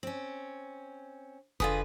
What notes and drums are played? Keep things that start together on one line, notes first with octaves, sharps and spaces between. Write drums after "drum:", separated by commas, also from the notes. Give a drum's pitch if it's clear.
C4 C#4
D3 F4 G#4 B4 D#6, drum: kick F1